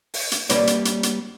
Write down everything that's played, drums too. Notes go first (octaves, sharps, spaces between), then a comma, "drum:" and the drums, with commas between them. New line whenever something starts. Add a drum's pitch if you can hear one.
drum: open hi-hat
drum: hi-hat
G3 A#3 B4 C#5 D5, drum: hi-hat
drum: hi-hat
drum: hi-hat
drum: hi-hat